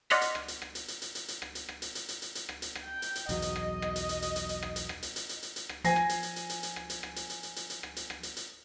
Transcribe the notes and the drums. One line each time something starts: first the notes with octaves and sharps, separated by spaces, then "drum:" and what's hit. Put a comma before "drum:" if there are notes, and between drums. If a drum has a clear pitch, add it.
D5 D#5 F#5 C6 F6 B6, drum: hi-hat
drum: hi-hat
drum: rim click
drum: hi-hat
drum: rim click
drum: hi-hat
drum: hi-hat
drum: hi-hat
drum: hi-hat
drum: hi-hat
drum: rim click
drum: hi-hat
drum: rim click
drum: hi-hat
drum: hi-hat
drum: hi-hat
drum: hi-hat
drum: hi-hat
drum: rim click
drum: hi-hat
drum: rim click
G5
drum: hi-hat
drum: hi-hat
B1 E2 F#3 D#5, drum: hi-hat
drum: hi-hat
drum: rim click
drum: rim click
drum: hi-hat
drum: hi-hat
drum: hi-hat
drum: hi-hat
drum: hi-hat
drum: rim click
drum: hi-hat
drum: rim click
drum: hi-hat
drum: hi-hat
drum: hi-hat
drum: hi-hat
drum: hi-hat
drum: rim click
F3 G#5 A#6 C7, drum: hi-hat
drum: rim click
drum: hi-hat
drum: hi-hat
drum: hi-hat
drum: hi-hat
drum: hi-hat
drum: rim click
drum: hi-hat
drum: rim click
drum: hi-hat
drum: hi-hat
drum: hi-hat
drum: hi-hat
drum: hi-hat
drum: rim click
drum: hi-hat
drum: rim click
drum: hi-hat
drum: hi-hat